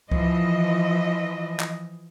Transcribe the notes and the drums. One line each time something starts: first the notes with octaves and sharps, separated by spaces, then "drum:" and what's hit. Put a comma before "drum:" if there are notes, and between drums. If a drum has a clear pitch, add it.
E3 F3 D#5, drum: kick C#2
drum: clap